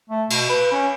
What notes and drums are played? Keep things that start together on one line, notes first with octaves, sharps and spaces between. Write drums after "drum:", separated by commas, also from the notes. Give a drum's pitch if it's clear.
A3
B2, drum: cymbal
B4
C#4